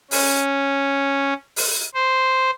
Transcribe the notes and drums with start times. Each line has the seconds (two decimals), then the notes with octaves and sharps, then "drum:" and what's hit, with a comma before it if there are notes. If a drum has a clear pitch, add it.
0.11 C#4, drum: open hi-hat
1.56 drum: open hi-hat
1.94 C5